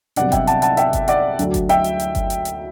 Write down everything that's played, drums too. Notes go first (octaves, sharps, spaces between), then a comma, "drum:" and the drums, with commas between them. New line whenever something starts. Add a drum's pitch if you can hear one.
C2 C3 F#3 B3 D4 D5 F#5, drum: hi-hat
E5 G5, drum: kick G1, hi-hat
F#5 A5, drum: hi-hat
F#5 A5, drum: hi-hat
E5 G5, drum: hi-hat
drum: kick G1, hi-hat
D5 F#5, drum: hi-hat
D2 D3 F#3, drum: hi-hat
drum: kick G1, hi-hat
E5 G5, drum: hi-hat
drum: hi-hat
drum: hi-hat
drum: kick G1, hi-hat
drum: hi-hat
drum: hi-hat